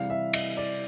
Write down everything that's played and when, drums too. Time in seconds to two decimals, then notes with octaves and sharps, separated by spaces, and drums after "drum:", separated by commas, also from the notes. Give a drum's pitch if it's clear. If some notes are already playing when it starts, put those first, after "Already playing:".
Already playing: C3 E3 G3 F5
0.10 E5
0.33 D#5, drum: cymbal
0.57 D5